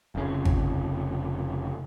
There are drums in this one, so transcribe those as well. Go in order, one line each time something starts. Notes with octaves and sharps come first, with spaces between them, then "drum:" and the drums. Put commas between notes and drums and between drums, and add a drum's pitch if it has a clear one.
F1 C#3
drum: kick G#1